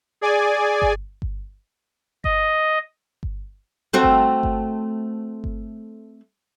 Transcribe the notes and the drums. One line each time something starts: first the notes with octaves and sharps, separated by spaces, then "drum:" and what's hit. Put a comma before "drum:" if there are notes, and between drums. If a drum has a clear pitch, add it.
G#4 D5 G#5
drum: kick G1
drum: kick G1
D#5, drum: kick G1
drum: kick G1
A3 C4 F#4
drum: kick G1
drum: kick G1
drum: kick G1